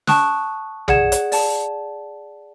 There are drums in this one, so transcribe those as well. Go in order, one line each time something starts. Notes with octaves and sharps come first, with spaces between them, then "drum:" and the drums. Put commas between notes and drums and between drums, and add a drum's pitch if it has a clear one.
G5 A5 C#6 D#6 F#6, drum: snare
G#4 D5 F#5 G#6 E7, drum: tom
drum: hi-hat
D5 A5, drum: open hi-hat